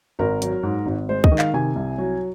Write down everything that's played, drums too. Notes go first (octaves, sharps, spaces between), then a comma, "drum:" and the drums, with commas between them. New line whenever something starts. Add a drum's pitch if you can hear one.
G#1 A#4
F#3, drum: hi-hat
G#2
G#1
G#3 C5
D#5, drum: kick
D#3
F5, drum: clap
C3 G#5
C2
F#3